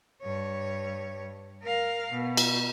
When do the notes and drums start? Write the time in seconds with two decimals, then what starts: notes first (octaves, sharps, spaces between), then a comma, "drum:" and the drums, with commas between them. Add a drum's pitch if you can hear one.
0.22 G2 C#5
1.63 A#4 F5
2.12 B2
2.37 drum: cymbal